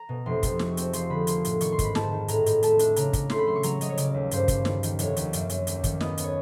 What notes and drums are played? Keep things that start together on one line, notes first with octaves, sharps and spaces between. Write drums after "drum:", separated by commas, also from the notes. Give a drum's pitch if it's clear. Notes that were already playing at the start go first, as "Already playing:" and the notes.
Already playing: A#5
B2
F1 C6
F2, drum: kick, hi-hat
G#3 C#6, drum: snare
C4, drum: hi-hat
F3 C6, drum: hi-hat
D3 B5
A#3 C6, drum: hi-hat
A2, drum: hi-hat
D#3 C#6, drum: hi-hat
C6
G#2, drum: kick, hi-hat
B5
G#2 A5, drum: snare
D#3
A2 A#5, drum: hi-hat
A2, drum: hi-hat
A3 A5, drum: hi-hat
D4, drum: hi-hat
C#3 A#5, drum: hi-hat
C#3, drum: kick, hi-hat
A3 C6, drum: snare
B5
F#3 C6
C#6
F#3 A#5, drum: hi-hat
F#3 D#5, drum: hi-hat
C#5
C#3 D5, drum: hi-hat
D#2
G2 C5, drum: hi-hat
G2, drum: kick, hi-hat
D#3, drum: snare
D#3, drum: hi-hat
F1 C#5, drum: hi-hat
D#2, drum: hi-hat
F#2 D5, drum: hi-hat
F#2, drum: hi-hat
D#2, drum: hi-hat
D#3, drum: kick, hi-hat
B3 D#5, drum: snare
B3, drum: hi-hat
C#5